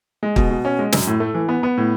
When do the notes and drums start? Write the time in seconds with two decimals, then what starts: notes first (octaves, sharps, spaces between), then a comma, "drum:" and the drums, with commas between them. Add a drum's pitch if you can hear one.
0.23 G#3
0.36 B2, drum: kick
0.50 B2
0.65 C#4
0.79 G#3
0.92 F#2, drum: snare
1.07 A2
1.20 A3
1.34 E3
1.49 B3
1.63 B3
1.77 A2